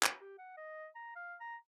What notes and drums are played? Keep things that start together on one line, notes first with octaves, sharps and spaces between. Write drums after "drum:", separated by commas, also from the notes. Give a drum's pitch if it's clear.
F#4, drum: clap
G4
F#5
D#5
A#5
F5
A#5